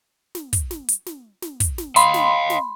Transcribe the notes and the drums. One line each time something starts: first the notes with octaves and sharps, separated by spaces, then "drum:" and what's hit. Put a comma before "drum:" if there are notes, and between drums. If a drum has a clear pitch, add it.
drum: snare
drum: kick, hi-hat
drum: snare
drum: hi-hat
drum: snare
drum: snare
drum: kick, hi-hat
drum: snare
D#5 F5 B5 C6, drum: hi-hat
drum: snare
drum: snare